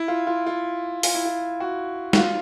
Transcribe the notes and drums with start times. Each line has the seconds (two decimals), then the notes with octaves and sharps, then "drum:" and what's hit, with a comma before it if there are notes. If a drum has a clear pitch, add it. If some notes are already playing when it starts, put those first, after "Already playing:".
Already playing: E4
0.08 F4
0.27 F4
0.46 F4
1.03 F4, drum: open hi-hat
1.14 E4
1.25 F4
1.60 F#4
2.13 F#4, drum: snare
2.17 F4